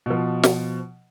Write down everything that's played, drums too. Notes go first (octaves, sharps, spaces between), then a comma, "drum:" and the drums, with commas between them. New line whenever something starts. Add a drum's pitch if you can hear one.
B2 F3
drum: snare